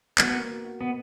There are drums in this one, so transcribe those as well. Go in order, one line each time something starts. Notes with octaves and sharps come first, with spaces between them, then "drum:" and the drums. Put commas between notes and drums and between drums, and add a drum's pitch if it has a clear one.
B3 F#4, drum: clap
A#3
F#4
F#4
B2 B3